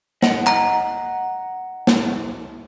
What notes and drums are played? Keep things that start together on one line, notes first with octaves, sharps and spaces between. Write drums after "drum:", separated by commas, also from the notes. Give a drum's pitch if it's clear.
D#5 F#5, drum: snare
A#5, drum: clap
drum: snare